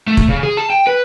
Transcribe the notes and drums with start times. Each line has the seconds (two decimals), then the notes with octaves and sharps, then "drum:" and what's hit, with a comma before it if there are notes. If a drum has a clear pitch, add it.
0.07 A3
0.17 drum: kick
0.29 C#3
0.43 G#4
0.57 A5
0.70 G5
0.87 B4